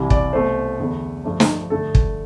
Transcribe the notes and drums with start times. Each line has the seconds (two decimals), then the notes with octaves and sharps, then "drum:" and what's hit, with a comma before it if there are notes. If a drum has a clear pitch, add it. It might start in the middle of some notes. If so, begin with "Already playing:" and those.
Already playing: C2 C3 E3 G3
0.10 D5, drum: kick
0.32 C2 B2 A3 C5
0.79 E2 D3 A3
1.24 G2 F3 A3
1.40 drum: snare
1.70 G2 D3 A3 A4
1.95 drum: kick